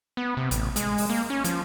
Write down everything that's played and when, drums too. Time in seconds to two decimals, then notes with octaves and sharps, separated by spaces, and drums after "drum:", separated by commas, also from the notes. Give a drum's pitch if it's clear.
0.17 B3
0.37 C3
0.51 A1, drum: hi-hat
0.76 G#3, drum: hi-hat
0.98 drum: open hi-hat
1.10 A#3
1.30 C#4
1.44 F3, drum: hi-hat